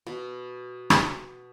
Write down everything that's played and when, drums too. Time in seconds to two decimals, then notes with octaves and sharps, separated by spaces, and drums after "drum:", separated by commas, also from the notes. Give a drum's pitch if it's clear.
0.07 B2
0.90 drum: rim click